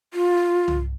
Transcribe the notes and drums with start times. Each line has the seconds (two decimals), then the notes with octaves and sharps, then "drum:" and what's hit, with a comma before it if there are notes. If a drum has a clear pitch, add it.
0.14 F4
0.68 drum: tom C2